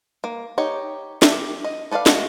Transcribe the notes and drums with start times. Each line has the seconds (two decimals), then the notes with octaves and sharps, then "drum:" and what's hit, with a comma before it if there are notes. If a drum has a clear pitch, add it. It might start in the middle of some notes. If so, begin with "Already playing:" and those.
0.24 A#3
0.58 D#4 G4 C#5
1.22 G4 E5, drum: snare
1.64 D#5
1.91 A4 B4 D5 E5 F5
2.06 G#3 A3 F#4, drum: snare